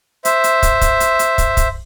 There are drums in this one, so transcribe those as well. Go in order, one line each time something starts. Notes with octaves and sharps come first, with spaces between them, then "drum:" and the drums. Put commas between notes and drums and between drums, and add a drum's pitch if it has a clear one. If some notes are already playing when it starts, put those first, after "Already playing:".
C5 E5, drum: hi-hat
drum: hi-hat
drum: kick, hi-hat
drum: kick, hi-hat
drum: hi-hat
drum: hi-hat
drum: kick, hi-hat
drum: kick, hi-hat